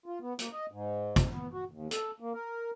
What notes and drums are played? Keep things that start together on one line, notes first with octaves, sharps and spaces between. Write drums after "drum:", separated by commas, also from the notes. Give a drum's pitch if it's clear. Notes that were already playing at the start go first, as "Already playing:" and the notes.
F4
B3
A#3, drum: hi-hat
D#5
G#2
drum: kick, hi-hat
B3
F#4
D#2
A4, drum: hi-hat
A#3
A#4